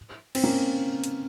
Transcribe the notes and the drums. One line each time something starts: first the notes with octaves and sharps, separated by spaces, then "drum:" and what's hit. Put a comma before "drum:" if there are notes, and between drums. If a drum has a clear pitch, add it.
C4, drum: cymbal
A#3 C#4
drum: hi-hat